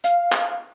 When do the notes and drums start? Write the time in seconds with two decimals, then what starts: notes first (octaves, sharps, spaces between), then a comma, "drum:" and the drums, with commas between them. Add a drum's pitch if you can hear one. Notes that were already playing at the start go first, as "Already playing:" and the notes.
0.04 F5, drum: hi-hat
0.32 drum: clap